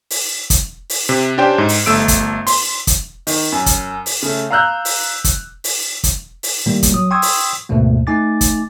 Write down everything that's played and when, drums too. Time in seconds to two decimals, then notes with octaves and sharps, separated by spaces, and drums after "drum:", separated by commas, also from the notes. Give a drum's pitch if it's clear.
0.10 drum: open hi-hat
0.50 drum: kick, hi-hat
0.90 drum: open hi-hat
1.09 C3
1.38 C#4 D4 G4 C5 G5
1.58 G#2
1.69 drum: open hi-hat
1.86 G1 A3 E6 D7
2.08 drum: kick, hi-hat
2.47 C6, drum: open hi-hat
2.87 drum: kick, hi-hat
3.27 D#3, drum: open hi-hat
3.52 F#2
3.66 drum: kick, hi-hat
4.06 drum: open hi-hat
4.23 C#3 A3
4.51 F5 A#5 E6 F#6 G6
4.85 drum: open hi-hat
5.24 drum: kick, hi-hat
5.64 drum: open hi-hat
6.04 drum: kick, hi-hat
6.43 drum: open hi-hat
6.66 A2 D#3 G3 A#3
6.83 drum: kick, hi-hat
6.92 F#3 D#6
7.11 G5 C6 C#6 D#6 E6 G#6
7.22 drum: open hi-hat
7.69 D2 G#2 B2 A3 A#3
8.07 A3 D#4 G#5 D6 A6
8.41 drum: kick, hi-hat